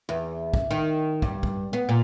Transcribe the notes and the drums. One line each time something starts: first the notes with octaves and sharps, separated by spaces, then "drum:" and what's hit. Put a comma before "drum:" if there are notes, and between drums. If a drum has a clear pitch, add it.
E2
drum: kick
D#3
G2, drum: kick
drum: kick
B3
A#2